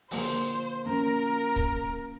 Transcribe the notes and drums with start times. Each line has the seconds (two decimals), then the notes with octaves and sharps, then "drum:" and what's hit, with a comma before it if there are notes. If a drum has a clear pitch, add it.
0.11 D3 F3 A#3 C5, drum: open hi-hat
0.86 F3 A#3 C#4 A#4
1.56 drum: kick C#1